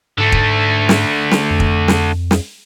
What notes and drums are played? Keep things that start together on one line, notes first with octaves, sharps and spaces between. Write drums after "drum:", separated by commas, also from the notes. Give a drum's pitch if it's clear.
G#2 D3 A3
drum: kick
drum: snare
drum: snare
F2
drum: kick
drum: snare
drum: snare